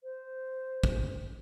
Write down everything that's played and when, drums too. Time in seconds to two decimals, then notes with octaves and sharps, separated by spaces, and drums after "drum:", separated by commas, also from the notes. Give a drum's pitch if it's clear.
0.03 C5
0.84 drum: kick